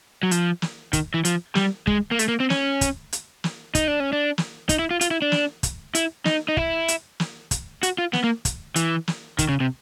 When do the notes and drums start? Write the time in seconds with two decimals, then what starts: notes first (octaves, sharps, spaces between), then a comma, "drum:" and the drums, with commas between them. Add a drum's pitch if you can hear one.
0.23 F#3
0.31 F3, drum: hi-hat
0.62 drum: snare
0.93 D#3, drum: kick, hi-hat
1.14 E3
1.25 F3, drum: hi-hat
1.55 G3, drum: snare
1.87 G#3, drum: kick
2.11 A#3
2.19 A3, drum: hi-hat
2.28 A#3
2.40 C4
2.50 C#4, drum: snare
2.81 drum: kick, hi-hat
3.13 drum: hi-hat
3.44 drum: snare
3.75 D#4, drum: kick, hi-hat
3.88 D4
4.00 C#4
4.13 D4
4.38 drum: snare
4.69 D#4, drum: kick, hi-hat
4.79 E4
4.91 F4
5.01 F4, drum: hi-hat
5.11 E4
5.22 D4
5.32 drum: snare
5.63 drum: kick, hi-hat
5.95 E4, drum: hi-hat
6.25 D#4, drum: snare
6.48 D#4
6.57 E4, drum: kick
6.88 drum: hi-hat
7.20 drum: snare
7.51 drum: kick, hi-hat
7.83 F#4, drum: hi-hat
7.98 F4
8.13 B3, drum: snare
8.24 A#3
8.45 drum: kick, hi-hat
8.76 E3, drum: hi-hat
9.08 drum: snare
9.39 D#3, drum: kick, hi-hat
9.49 C#3
9.60 C3